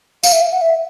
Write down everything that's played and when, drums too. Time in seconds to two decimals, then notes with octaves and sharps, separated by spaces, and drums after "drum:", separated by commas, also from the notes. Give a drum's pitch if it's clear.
0.23 F5, drum: tambourine
0.32 E5
0.42 F5
0.52 F#5
0.61 E5